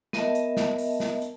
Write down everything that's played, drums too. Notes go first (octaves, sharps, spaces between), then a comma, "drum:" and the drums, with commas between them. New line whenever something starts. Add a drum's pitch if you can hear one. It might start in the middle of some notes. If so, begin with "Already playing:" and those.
B3 A#4 D#5 E5 A5, drum: snare
drum: hi-hat
drum: snare
drum: open hi-hat
drum: snare
drum: hi-hat